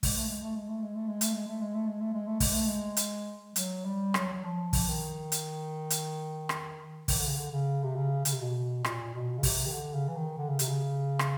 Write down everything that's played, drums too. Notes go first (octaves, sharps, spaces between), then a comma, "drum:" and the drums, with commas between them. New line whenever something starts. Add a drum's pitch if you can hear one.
G#3, drum: kick, open hi-hat
A3
G#3
A3
G#3
A3
G#3
A3
G#3
A3, drum: hi-hat
G#3
A3
G#3
A3
G#3
A3
G#3
A3
G#3, drum: kick, open hi-hat
A3
G#3
drum: hi-hat
F#3, drum: hi-hat
G3
F#3, drum: rim click
F#3
F3
drum: kick, open hi-hat
D#3
drum: hi-hat
drum: hi-hat
drum: rim click
D#3, drum: kick, open hi-hat
D3
C#3
D3
C#3
C3
C#3
C#3, drum: hi-hat
C3
B2
A#2, drum: rim click
B2
C#3
C3, drum: kick, open hi-hat
D#3
D3
C#3
E3
D#3
D3
C#3
C3, drum: hi-hat
C#3
drum: rim click